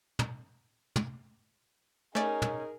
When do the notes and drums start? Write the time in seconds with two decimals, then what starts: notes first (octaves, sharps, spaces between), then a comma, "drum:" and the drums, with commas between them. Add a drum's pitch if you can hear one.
0.19 drum: tom
0.96 drum: tom
2.15 A3 C#4 D#4 G#4 A#4 D5
2.42 drum: tom